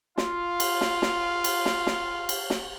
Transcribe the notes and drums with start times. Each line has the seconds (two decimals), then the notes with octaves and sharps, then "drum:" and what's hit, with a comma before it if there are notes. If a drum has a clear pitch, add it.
0.18 F4 F5, drum: snare
0.60 drum: cymbal
0.81 drum: snare
1.02 drum: snare
1.44 drum: cymbal
1.65 drum: snare
1.87 drum: snare
2.29 drum: cymbal
2.50 drum: snare